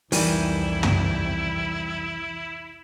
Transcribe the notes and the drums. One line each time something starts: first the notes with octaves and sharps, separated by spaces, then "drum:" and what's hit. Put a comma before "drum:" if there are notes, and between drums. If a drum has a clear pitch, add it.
C2 F2 D#3 E3 G3 E4, drum: open hi-hat
drum: tom